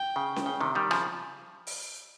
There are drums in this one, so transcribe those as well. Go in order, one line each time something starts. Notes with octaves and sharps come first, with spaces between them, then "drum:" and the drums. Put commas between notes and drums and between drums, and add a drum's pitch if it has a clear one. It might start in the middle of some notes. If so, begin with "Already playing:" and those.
Already playing: G5
C#3
drum: snare C#4
C#3
C3 D#3
D#3 G3
C#3 F3, drum: rim click
drum: open hi-hat